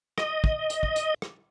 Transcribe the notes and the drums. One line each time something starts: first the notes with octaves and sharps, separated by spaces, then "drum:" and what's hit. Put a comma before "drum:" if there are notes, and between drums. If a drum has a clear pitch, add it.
D#5, drum: rim click
drum: kick
drum: hi-hat
drum: kick
drum: hi-hat
drum: rim click